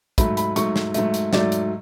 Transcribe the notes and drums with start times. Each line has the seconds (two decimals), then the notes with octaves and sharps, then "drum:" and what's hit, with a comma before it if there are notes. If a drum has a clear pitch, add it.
0.18 G#2 F#3 A3 B5, drum: kick, hi-hat
0.37 B5, drum: hi-hat
0.56 G#2 F#3 A3 C#6, drum: hi-hat
0.76 drum: snare
0.94 G#2 F#3 A3, drum: hi-hat
1.14 drum: hi-hat
1.33 G#2 F#3 A3 D5, drum: snare
1.52 drum: hi-hat